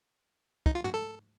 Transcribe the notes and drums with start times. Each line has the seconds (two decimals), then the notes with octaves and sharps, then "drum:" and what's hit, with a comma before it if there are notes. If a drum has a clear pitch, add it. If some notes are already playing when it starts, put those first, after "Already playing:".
0.66 D#4, drum: kick
0.75 F4
0.84 F#4, drum: tom
0.94 A4